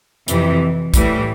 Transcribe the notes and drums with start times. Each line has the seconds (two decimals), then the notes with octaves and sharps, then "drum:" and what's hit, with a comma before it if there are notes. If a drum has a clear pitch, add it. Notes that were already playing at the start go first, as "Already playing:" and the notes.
0.28 F2 C3 E3, drum: hi-hat
0.94 A2 E3 G3, drum: kick, hi-hat